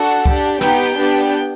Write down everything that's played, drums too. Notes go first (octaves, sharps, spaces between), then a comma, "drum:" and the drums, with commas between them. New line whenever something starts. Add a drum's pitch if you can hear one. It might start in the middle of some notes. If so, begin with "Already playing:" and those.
Already playing: D4 F#4 A4 F#5
D4 G4, drum: kick C2
B3 D#4 G4 G5, drum: snare
B3 D4 G4